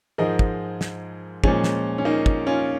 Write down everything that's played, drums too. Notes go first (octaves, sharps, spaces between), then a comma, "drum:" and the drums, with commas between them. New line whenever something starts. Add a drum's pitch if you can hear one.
G#2 F3 G#3 A#4 D#5
drum: kick
drum: snare
A#2 F3 G#3 C#4, drum: kick
drum: snare
C#4
A#3 D#4
drum: kick
C#4 F4